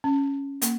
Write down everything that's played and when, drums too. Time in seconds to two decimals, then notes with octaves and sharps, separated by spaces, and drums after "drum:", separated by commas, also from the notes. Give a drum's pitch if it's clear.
0.04 C#4
0.62 A#3, drum: hi-hat